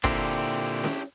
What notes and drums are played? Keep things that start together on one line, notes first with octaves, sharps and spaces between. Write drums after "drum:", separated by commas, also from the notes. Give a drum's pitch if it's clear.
A#2 D3 C4 D4 E4 G4, drum: kick
drum: snare C#4